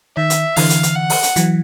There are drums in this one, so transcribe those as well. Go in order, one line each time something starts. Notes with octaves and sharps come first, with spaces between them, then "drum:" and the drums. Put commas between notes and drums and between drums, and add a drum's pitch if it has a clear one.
D#3 E5
drum: hi-hat
D3 E3 F5, drum: open hi-hat
drum: hi-hat
drum: hi-hat
F#5
drum: open hi-hat
drum: hi-hat
E3 F#3, drum: hi-hat